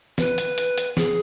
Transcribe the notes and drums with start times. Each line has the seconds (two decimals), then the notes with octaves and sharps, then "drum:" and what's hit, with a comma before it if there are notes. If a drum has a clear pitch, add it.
0.18 B4, drum: snare
0.38 drum: hi-hat
0.58 drum: hi-hat
0.78 drum: hi-hat
0.97 G#4, drum: snare